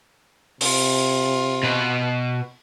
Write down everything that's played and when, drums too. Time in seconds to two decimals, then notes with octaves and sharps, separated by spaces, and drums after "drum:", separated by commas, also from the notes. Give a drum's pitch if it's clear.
0.61 C3 F4, drum: open hi-hat
1.63 B2 B4